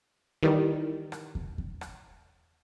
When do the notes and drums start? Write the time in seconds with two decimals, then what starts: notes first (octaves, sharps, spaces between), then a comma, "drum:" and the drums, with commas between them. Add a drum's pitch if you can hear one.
0.43 D#3 E3 G3
1.12 drum: rim click
1.35 drum: kick E2
1.58 drum: kick E2
1.81 drum: rim click